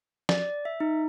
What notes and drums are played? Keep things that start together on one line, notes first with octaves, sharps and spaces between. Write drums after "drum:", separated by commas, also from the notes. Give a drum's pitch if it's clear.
D5, drum: snare
E5
D#4